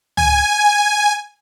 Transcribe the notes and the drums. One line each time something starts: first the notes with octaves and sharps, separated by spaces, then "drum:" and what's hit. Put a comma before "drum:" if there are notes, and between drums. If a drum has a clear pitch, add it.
G#5, drum: tom C#2